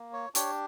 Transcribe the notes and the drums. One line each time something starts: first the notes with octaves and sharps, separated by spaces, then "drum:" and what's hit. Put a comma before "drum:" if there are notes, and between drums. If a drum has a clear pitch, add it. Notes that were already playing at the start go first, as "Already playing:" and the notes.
Already playing: A#3
C#5
D4 G4 C#5, drum: hi-hat